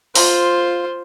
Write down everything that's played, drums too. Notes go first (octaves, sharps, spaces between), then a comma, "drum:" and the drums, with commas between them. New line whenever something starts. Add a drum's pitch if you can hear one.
F4 C5, drum: open hi-hat